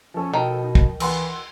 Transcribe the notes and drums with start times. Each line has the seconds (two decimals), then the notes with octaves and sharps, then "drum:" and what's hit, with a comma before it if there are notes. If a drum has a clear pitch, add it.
0.14 F3 C#4 A4
0.34 B2 D#3
0.64 D#4
0.75 drum: kick
1.00 E3 F#5 C6 E6, drum: cymbal